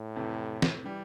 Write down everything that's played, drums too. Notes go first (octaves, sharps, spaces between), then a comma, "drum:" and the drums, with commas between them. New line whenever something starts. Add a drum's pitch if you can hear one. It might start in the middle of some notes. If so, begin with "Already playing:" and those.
Already playing: A2
F2 C3 E3
drum: snare
E3 G3